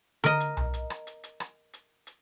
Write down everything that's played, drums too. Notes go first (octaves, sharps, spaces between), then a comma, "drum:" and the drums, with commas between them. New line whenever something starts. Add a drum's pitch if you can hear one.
A#4 D#5, drum: tom D3
drum: hi-hat
drum: tom B1
drum: hi-hat
drum: rim click
drum: hi-hat
drum: hi-hat
drum: rim click
drum: hi-hat
drum: hi-hat